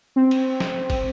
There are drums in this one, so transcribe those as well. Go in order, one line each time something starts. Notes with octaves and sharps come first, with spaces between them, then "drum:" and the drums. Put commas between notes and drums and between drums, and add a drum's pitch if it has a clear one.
C4
drum: cymbal
drum: snare
drum: kick, cymbal